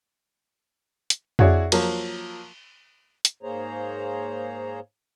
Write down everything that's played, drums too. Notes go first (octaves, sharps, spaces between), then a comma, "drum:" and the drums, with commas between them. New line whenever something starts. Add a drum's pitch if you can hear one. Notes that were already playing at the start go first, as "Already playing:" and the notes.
drum: hi-hat
E4 F#4 G#4 C#5 D5, drum: tom F2
F3 F#3 A#3, drum: cymbal
drum: hi-hat
G#2 A#3 G#4 C5 C#5 A#5